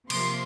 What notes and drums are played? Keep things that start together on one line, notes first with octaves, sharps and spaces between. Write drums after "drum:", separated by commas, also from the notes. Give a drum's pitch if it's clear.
C3 F3 A#3 C6, drum: cymbal